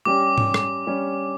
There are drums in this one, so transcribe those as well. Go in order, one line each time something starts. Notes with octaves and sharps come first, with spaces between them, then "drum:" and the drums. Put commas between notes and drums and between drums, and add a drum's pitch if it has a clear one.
G3 C#4 G4 D6
drum: tom G#2
drum: rim click
G3 C#4 G4